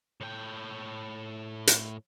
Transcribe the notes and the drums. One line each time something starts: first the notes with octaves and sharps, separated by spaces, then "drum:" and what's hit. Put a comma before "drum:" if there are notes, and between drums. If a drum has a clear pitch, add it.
A2 G5
drum: hi-hat